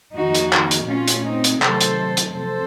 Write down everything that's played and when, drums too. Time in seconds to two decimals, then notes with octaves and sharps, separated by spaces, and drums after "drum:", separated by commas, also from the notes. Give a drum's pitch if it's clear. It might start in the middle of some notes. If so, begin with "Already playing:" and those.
0.16 F2 D#3 A#3 D#4 F#4
0.35 drum: hi-hat
0.53 drum: clap
0.71 drum: hi-hat
0.89 A#2 A3 C4 C#4 F4
1.08 drum: hi-hat
1.26 C4 D#4
1.44 drum: hi-hat
1.62 C3 D#3 F#3 A3 A4 C5, drum: clap
1.81 drum: hi-hat
2.17 drum: hi-hat
2.35 F2 C3 A4 C5